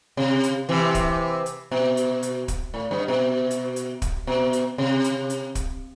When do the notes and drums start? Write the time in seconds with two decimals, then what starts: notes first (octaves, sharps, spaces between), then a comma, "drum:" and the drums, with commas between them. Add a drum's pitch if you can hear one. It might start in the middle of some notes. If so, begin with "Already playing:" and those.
0.17 C3
0.43 drum: hi-hat
0.69 C3 E3
0.95 drum: kick, hi-hat
1.46 drum: hi-hat
1.71 B2
1.97 drum: hi-hat
2.23 drum: hi-hat
2.48 drum: kick, hi-hat
2.74 A2
2.91 G2
3.08 B2
3.51 drum: hi-hat
3.76 drum: hi-hat
4.02 drum: kick, hi-hat
4.27 B2
4.53 drum: hi-hat
4.78 C3
5.04 drum: hi-hat
5.30 drum: hi-hat
5.55 drum: kick, hi-hat